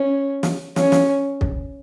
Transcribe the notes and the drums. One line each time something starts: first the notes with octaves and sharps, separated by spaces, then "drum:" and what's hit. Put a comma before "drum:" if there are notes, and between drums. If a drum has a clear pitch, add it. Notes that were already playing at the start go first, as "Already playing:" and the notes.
Already playing: C#4
drum: snare
C#4, drum: snare
drum: snare
drum: kick